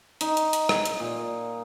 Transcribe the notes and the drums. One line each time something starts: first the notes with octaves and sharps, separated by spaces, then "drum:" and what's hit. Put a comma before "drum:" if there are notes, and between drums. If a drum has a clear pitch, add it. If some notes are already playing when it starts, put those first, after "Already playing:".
D#4, drum: hi-hat
drum: hi-hat
drum: hi-hat
drum: rim click
drum: hi-hat
A#2